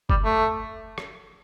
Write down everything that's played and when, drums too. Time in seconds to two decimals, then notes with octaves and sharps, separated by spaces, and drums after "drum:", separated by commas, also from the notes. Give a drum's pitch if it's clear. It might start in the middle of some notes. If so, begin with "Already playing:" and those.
0.10 G3, drum: kick
0.24 A3
0.98 drum: rim click